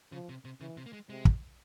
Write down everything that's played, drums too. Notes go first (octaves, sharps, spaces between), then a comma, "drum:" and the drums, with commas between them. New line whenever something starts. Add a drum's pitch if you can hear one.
C#3 F3
C3
C3
C#3 E3
C3
A#3
G#3
C3 G#3
drum: kick